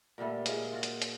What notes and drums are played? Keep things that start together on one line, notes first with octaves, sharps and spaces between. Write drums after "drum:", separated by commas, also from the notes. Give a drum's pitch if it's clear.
A#2 D3 G3 A3
A#2 G#3 G#4 F5, drum: hi-hat
F4 F#4
drum: hi-hat
drum: hi-hat